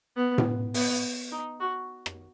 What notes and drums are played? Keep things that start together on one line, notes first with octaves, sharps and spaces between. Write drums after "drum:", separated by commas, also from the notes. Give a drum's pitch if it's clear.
B3
drum: tom A2
B3, drum: open hi-hat
D#4
F#4
drum: rim click